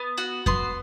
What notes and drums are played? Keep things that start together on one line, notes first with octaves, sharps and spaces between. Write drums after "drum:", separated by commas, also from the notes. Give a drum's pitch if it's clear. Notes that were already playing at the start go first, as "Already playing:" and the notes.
Already playing: B3
F#4
B3 C6, drum: kick F2